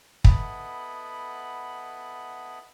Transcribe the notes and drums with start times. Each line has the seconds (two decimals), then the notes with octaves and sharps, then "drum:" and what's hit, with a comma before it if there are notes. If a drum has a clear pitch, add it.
0.24 B3 E4 A4 D#5 F#5 B5, drum: kick